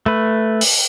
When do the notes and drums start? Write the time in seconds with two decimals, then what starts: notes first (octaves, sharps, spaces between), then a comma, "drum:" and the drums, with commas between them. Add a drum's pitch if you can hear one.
0.06 A3 B4
0.61 drum: open hi-hat